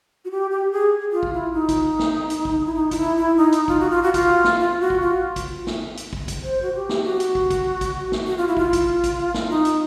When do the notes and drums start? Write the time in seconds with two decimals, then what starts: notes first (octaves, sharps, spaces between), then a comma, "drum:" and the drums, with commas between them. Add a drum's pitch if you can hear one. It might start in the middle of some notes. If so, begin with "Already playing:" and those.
0.25 F#4
0.31 G4
0.51 G4
0.72 G#4
1.12 F4
1.23 drum: kick
1.33 E4
1.53 D#4
1.69 drum: kick, hi-hat
1.99 drum: snare
2.30 drum: hi-hat
2.45 drum: kick
2.66 E4
2.75 D#4
2.91 F4, drum: kick, hi-hat
2.96 E4
3.17 E4
3.37 D#4
3.52 drum: hi-hat
3.68 F4, drum: kick
3.80 F#4
3.91 F4
4.03 F#4
4.14 F4, drum: kick, hi-hat
4.44 drum: snare
4.60 F4
4.80 F#4
4.90 drum: kick
5.01 F4
5.36 drum: kick, hi-hat
5.67 drum: snare
5.97 drum: hi-hat
6.13 drum: kick
6.28 drum: kick, hi-hat
6.43 C5
6.62 F#4
6.74 G4
6.89 drum: snare
7.04 F#4
7.20 drum: hi-hat
7.35 drum: kick
7.50 drum: kick, hi-hat
7.81 drum: kick, hi-hat
8.12 drum: snare
8.26 F#4
8.38 F4
8.48 E4
8.57 F4, drum: kick
8.73 drum: kick, hi-hat
9.04 drum: kick, hi-hat
9.34 drum: snare
9.49 D#4
9.65 drum: hi-hat